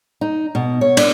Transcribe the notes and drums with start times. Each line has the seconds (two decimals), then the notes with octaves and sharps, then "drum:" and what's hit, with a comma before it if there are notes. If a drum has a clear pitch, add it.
0.21 D#4
0.55 B2
0.81 C#5
0.97 D4, drum: cymbal